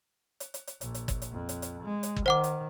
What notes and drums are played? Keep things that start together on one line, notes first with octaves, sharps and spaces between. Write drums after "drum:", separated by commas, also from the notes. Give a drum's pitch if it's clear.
drum: hi-hat
drum: hi-hat
drum: hi-hat
A#1, drum: hi-hat
drum: hi-hat
drum: kick, hi-hat
drum: hi-hat
F2
drum: hi-hat
drum: hi-hat
G#3
drum: hi-hat
drum: kick
D#3 C5 F#5 D6
drum: hi-hat